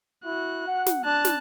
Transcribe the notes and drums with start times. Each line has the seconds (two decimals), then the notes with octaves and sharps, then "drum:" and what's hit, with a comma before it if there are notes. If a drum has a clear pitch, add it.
0.25 E4 F#4 F#6
0.67 F#5
0.86 drum: snare
1.05 D4 A5 F#6
1.25 drum: snare